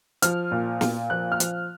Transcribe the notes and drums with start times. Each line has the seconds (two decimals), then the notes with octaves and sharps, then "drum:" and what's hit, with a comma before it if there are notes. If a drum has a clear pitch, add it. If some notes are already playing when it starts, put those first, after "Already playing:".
0.22 F3 F6, drum: hi-hat
0.52 A#2
0.81 A#2, drum: snare
1.10 F3 F#6
1.32 F6
1.40 F3, drum: hi-hat